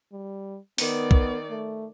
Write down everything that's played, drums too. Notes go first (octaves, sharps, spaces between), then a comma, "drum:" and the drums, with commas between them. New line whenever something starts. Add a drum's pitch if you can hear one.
G3
D#3 B3 D5, drum: open hi-hat
drum: kick B1
A3